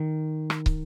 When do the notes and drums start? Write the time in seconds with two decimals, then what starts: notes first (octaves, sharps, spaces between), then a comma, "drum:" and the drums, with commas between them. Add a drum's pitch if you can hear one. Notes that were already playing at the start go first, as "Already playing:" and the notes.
Already playing: D#3
0.50 drum: rim click
0.66 drum: kick